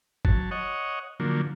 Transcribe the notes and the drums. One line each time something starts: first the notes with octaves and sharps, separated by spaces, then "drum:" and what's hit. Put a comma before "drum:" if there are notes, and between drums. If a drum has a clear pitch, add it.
F#3 A5, drum: kick G1
C#5 D#5 F#5
D3 F3 F#3 A#3